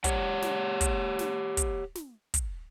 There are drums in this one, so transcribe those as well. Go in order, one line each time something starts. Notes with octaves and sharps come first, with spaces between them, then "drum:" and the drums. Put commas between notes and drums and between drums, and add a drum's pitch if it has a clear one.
G4 C#5 F#5, drum: kick, hi-hat
drum: snare
drum: kick, hi-hat
drum: snare
drum: kick, hi-hat
drum: snare
drum: kick, hi-hat